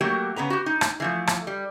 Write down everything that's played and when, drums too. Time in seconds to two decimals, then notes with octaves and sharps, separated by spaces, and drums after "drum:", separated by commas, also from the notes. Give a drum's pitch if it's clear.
0.01 F#3 A3 A#3 F#4 G4
0.36 C#3 B3 B4 A#5
0.50 F#4 G4
0.66 D#4
0.81 drum: rim click
1.00 E3 F3 A3
1.27 drum: rim click
1.47 G3